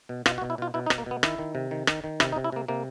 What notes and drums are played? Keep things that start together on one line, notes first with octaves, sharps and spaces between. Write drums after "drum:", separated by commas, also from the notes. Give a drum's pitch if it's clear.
B2
B2 F4, drum: rim click
F#4
B2
E4
B2 F4
B2 E4
D#4
B2, drum: rim click
A#3
B2 B3
D#3 E4, drum: rim click
D#3
C3
D#3
D#3, drum: rim click
D#3
C3 E4, drum: rim click
D#4
C3
E4
C3 A#3
C3 A#3